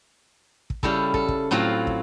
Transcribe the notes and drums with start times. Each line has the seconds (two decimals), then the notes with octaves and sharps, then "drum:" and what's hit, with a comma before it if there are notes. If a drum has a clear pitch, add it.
0.70 drum: kick
0.83 C#3 G3 E4 A4, drum: kick
1.14 A4, drum: kick
1.28 drum: kick
1.51 A2 F#3 C4 F4 F5
1.87 drum: kick